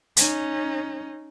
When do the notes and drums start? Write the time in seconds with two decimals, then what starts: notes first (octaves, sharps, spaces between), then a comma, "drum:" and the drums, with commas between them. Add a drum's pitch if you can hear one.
0.17 C#4 D#4, drum: hi-hat